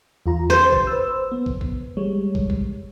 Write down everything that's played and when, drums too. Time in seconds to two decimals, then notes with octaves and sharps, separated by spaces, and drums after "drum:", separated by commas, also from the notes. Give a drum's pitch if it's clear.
0.26 E2 F4 A#5
0.50 C5 A6
0.72 drum: kick
0.87 B4 E6
1.32 B3
1.46 drum: kick
1.61 drum: kick
1.97 G3 G#3 C#5
2.35 drum: kick
2.50 drum: kick